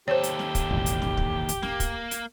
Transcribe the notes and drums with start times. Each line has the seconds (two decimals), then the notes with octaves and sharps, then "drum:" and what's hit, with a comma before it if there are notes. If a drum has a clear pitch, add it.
0.08 D#2 G4 A4 C5 C#5
0.23 drum: hi-hat
0.39 drum: snare
0.55 drum: kick, hi-hat
0.70 E1 A1
0.86 drum: hi-hat
1.02 drum: snare
1.17 drum: kick
1.49 drum: hi-hat
1.63 A#3, drum: snare
1.80 drum: kick, hi-hat
2.11 drum: hi-hat